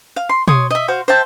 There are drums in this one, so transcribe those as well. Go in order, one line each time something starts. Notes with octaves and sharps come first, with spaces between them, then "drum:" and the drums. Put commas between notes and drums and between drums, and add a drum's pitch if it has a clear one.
F5
C6
C#5 C6 D#6, drum: tom B2
D#5 E5
F#4 C5 F5
C5 E5 G5 A5